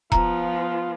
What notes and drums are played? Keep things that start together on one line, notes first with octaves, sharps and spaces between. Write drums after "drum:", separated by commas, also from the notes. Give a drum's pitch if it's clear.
F3 B3 F4 A#5, drum: kick E1